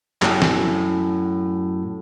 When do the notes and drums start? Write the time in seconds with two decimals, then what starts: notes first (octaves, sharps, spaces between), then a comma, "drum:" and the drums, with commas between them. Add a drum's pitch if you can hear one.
0.22 F#2 A2, drum: clap
0.42 drum: snare